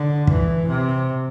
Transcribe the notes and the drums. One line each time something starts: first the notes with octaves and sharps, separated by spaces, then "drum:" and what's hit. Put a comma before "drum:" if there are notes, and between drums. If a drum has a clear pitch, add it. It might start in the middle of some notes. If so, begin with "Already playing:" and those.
Already playing: D3
E3, drum: kick
C3